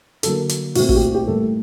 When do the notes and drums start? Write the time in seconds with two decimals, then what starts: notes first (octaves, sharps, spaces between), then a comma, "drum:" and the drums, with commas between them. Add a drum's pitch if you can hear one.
0.23 D3 F#3 A#3 A4, drum: hi-hat
0.49 drum: hi-hat
0.75 A#2 A3 C4 F#4, drum: open hi-hat
0.89 F#4, drum: kick
0.96 G4
1.01 F#4
1.14 G4
1.27 A2 G3 A#3 A4